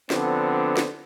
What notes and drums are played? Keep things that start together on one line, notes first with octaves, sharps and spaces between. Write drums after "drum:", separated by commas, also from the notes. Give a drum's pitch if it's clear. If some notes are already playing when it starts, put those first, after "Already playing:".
D3 F3 B3 C4 D4, drum: snare
drum: snare